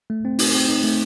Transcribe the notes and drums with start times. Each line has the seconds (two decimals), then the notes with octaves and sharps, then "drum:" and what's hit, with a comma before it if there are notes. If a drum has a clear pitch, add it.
0.10 A3
0.25 C4
0.39 D#4, drum: open hi-hat
0.54 C4
0.69 D#4
0.84 A3